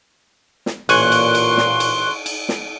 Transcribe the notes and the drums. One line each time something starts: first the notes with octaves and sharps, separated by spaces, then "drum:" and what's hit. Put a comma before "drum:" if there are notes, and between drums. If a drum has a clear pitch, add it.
drum: snare
A1 A#2 G#5 C6 C#6 F#6, drum: cymbal
drum: cymbal
drum: cymbal
drum: snare
drum: cymbal
drum: cymbal
drum: snare